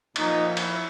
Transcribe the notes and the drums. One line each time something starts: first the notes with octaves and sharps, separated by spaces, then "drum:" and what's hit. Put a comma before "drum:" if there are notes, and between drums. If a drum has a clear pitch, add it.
A#2 F3 D#4, drum: cymbal
E4, drum: cymbal